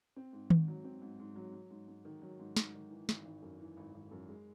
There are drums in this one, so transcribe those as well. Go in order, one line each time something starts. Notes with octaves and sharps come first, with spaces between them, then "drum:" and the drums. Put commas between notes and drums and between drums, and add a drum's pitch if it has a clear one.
C4
G#2
G#2, drum: tom D#3
F#3
C4
G#2
G#2
F#3
F#3
G#2
G#2
D#3
F#3
G#2
G#2, drum: snare
D#3
E3
G#1, drum: snare
G#1
F#2
E3
G#1
G#1
F#2
G#3